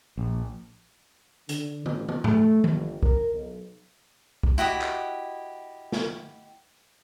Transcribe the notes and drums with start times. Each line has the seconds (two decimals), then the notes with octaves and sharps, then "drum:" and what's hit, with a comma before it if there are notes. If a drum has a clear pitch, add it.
0.18 A#1
1.49 D3, drum: hi-hat
1.86 A1, drum: tom
2.09 drum: tom
2.24 A3, drum: tom G#2
2.64 G1, drum: tom D#3
3.03 A#4, drum: kick
3.34 B1
4.43 drum: kick
4.58 E4 F#4 G4 D#5
4.82 drum: clap
5.92 drum: snare